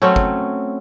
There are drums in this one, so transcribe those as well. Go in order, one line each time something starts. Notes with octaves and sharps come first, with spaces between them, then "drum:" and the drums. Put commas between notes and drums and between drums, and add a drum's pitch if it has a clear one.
F#3 A3 C4 C#4
drum: kick G1